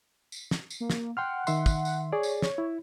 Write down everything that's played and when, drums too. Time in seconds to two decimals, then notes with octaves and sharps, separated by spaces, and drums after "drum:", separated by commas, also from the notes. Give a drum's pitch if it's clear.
0.32 drum: tambourine
0.51 drum: snare
0.70 drum: tambourine
0.80 A#3
0.90 drum: snare
1.17 F#5 G5 C6 F6
1.47 D#3 E5 C6, drum: tambourine
1.66 drum: kick, tambourine
1.85 drum: tambourine
2.12 G#4 C#5 D5
2.23 drum: tambourine
2.42 C#5, drum: snare
2.58 E4